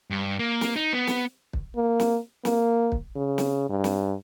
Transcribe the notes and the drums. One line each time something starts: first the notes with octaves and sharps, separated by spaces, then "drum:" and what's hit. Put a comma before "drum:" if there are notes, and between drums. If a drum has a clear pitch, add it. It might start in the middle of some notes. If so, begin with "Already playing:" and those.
G2
A#3
drum: snare
D#4
B3
drum: snare
drum: kick
A#3
drum: snare
A#3, drum: snare
drum: kick
C#3
drum: snare
G2
drum: snare